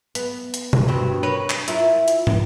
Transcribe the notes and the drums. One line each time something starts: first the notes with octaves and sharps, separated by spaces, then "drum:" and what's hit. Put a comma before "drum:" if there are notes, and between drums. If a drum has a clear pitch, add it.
B3, drum: hi-hat
drum: hi-hat
drum: tom B2
G2 B2 C4
A#4 B4 C#5
drum: clap
E4 F4 A#4, drum: hi-hat
drum: hi-hat
drum: tom